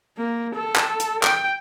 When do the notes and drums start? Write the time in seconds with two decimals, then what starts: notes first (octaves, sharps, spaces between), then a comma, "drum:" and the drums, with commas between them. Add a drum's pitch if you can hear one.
0.18 A#3
0.55 A4
0.76 drum: clap
1.00 drum: hi-hat
1.23 G5, drum: clap